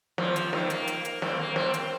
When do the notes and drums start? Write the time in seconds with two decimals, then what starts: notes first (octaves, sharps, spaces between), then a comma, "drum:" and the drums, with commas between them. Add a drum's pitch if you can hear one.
0.18 F3, drum: snare
0.36 drum: hi-hat
0.53 D#3, drum: snare
0.70 A#3, drum: hi-hat
0.87 drum: hi-hat
1.05 drum: hi-hat
1.22 C4, drum: snare
1.39 A#3
1.56 C4, drum: snare
1.74 drum: hi-hat